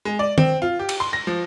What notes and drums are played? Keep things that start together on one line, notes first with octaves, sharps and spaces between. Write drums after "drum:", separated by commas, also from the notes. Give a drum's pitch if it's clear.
G#3
D5
C4, drum: tom
F4
G4
drum: cymbal
C6
A#6
F3